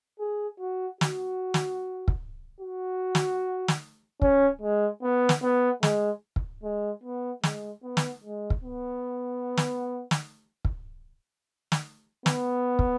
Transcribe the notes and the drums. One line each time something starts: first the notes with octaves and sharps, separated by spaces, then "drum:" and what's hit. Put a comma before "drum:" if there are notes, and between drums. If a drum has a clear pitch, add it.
G#4
F#4
F#4, drum: snare
drum: snare
drum: kick
F#4
drum: snare
drum: snare
C#4, drum: kick
G#3
B3
drum: snare
B3
G#3, drum: snare
drum: kick
G#3
B3
G#3, drum: snare
B3
drum: snare
G#3
drum: kick
B3
drum: snare
drum: snare
drum: kick
drum: snare
B3, drum: snare
drum: kick